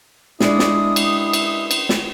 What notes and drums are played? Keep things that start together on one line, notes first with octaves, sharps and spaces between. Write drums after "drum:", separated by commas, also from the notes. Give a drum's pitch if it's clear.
G#3 D4 E4 D5 D#6, drum: snare
drum: snare
drum: cymbal
drum: cymbal
drum: cymbal
drum: snare